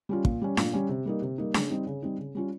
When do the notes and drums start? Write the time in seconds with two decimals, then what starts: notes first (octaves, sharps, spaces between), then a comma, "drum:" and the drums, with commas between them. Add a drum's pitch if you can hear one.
0.09 G3 C#4 F4
0.25 A#2, drum: kick
0.42 G3 C#4
0.57 A#2, drum: snare D4
0.73 G3 C#4
0.89 C3
1.06 G3 A#3 D#4
1.22 C3
1.38 G3 A#3 D#4
1.54 C#3, drum: snare D4
1.70 G3 C4 D#4
1.87 C#3
2.03 G3 C4 D#4
2.18 C#3
2.35 G3 C#4 F4